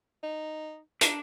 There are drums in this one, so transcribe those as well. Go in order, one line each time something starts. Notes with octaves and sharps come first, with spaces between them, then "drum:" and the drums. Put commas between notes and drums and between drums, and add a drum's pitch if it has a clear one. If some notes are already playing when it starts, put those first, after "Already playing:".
D#4
D4 A#5, drum: hi-hat